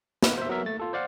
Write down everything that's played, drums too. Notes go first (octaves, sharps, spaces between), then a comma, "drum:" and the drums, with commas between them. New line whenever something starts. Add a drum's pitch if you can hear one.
B4, drum: snare
C5 E5
F#3 B3 A#4 E5
A3 A6
F4 A4
C5 D5 F5 F#5